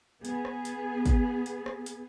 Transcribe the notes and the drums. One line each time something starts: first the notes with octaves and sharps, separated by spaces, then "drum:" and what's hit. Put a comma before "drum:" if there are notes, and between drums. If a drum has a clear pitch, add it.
B3 G#4, drum: hi-hat
drum: rim click
drum: hi-hat
drum: kick, hi-hat
drum: hi-hat
drum: rim click
drum: hi-hat